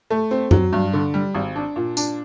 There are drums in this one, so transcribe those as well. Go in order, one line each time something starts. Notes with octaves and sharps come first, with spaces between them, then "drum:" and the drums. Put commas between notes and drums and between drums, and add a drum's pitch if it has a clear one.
A3
C4
F#3, drum: tom F#2
G2
D3
G3
G#1
D4
A#2
D4, drum: tambourine